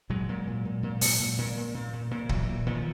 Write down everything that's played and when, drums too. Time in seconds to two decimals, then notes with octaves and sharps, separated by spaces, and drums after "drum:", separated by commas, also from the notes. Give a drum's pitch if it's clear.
0.10 A#2 F#3 G#3
0.29 A#2
0.47 A#2
0.65 A#2
0.83 A#2
1.01 A#2, drum: open hi-hat
1.20 A#2
1.38 A#2
1.57 A#2
1.74 A#2
1.93 A#2
2.11 A#2
2.29 A#2 E3 F#3, drum: kick C#1
2.48 A#2
2.66 A#2 D#3 F3